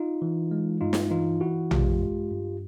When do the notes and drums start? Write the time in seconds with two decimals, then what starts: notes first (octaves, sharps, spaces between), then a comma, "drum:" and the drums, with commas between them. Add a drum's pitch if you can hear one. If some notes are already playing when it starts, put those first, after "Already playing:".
Already playing: D#4 F4
0.22 E3
0.51 G#3
0.81 G2 D#4 F4
0.93 drum: snare
1.10 E3 D#4 F4
1.40 E3 E4 F#4
1.71 G#3 F4 G4, drum: tom A#1
2.00 G2
2.31 G2